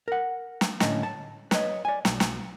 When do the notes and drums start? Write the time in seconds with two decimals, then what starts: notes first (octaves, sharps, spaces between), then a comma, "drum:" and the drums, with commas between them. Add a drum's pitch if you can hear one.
0.08 A#4 F#5
0.61 drum: snare
0.80 A2 D3 C#4 D#5 A5, drum: snare
1.03 A5
1.51 B4 C#5 D#5, drum: snare
1.85 D5 G#5
2.05 B1, drum: snare
2.20 drum: snare